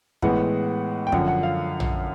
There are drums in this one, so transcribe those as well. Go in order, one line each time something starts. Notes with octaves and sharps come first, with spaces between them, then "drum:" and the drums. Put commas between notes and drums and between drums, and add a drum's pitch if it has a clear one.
A2 E3 G#3 B3 F#5, drum: kick
G5
F#2 D3 F3 F#5, drum: kick
F#5
F5
drum: tom